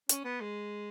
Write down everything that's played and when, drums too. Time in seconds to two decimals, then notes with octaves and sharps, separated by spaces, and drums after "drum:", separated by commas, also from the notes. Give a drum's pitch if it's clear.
0.09 C#4, drum: hi-hat
0.24 B3
0.40 G#3